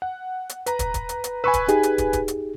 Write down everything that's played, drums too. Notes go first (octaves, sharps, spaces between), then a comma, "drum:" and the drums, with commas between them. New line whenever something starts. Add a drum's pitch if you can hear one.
F#5
drum: hi-hat
B4 A#5, drum: hi-hat
drum: kick, hi-hat
drum: kick, hi-hat
drum: hi-hat
drum: hi-hat
B4 G#5 B5 C#6 E6
drum: kick, hi-hat
D#4 G4 G#4, drum: hi-hat
drum: hi-hat
drum: kick, hi-hat
drum: kick, hi-hat
drum: hi-hat